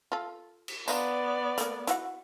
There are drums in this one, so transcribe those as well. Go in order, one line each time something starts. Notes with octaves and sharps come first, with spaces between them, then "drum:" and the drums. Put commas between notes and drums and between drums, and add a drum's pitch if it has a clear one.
F4 A4
drum: cymbal
B3 D4 D#4 F4 D5, drum: tambourine
A3 A#3, drum: hi-hat
E4 F#4 F#5, drum: hi-hat